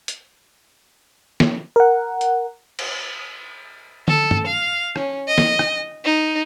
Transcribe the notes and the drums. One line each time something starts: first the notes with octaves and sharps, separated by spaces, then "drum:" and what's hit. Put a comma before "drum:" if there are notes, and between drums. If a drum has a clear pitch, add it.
drum: hi-hat
drum: snare
A#4 F#5
drum: hi-hat
drum: cymbal
A4, drum: tom D3
drum: tom
F5
C#4, drum: rim click
D#5
drum: snare
drum: rim click
D#4